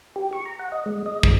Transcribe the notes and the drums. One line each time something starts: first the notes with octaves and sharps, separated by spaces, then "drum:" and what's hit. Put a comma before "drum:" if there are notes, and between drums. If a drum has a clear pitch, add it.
G4
C#6
A#5
F#5
D#5
G#3
D#5
G#3, drum: kick